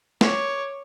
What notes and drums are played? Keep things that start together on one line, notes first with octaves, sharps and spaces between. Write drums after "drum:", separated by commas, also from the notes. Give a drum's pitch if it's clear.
C#5 D6, drum: snare